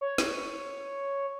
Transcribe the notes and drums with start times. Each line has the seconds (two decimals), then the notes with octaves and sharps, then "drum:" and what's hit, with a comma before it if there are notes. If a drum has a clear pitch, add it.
0.01 C#5
0.18 drum: snare